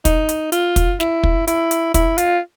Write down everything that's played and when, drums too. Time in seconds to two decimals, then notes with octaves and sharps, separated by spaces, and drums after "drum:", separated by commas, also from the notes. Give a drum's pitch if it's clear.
0.05 D#4, drum: kick, hi-hat
0.29 drum: hi-hat
0.52 F4, drum: hi-hat
0.76 drum: kick, hi-hat
1.00 E4, drum: snare
1.23 drum: kick
1.48 E4, drum: hi-hat
1.71 drum: hi-hat
1.94 E4, drum: kick, hi-hat
2.18 F4, drum: hi-hat